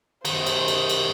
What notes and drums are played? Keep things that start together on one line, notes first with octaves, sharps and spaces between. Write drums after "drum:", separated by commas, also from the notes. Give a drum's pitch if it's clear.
F#2 D#3 C5, drum: cymbal
drum: cymbal
drum: cymbal
drum: cymbal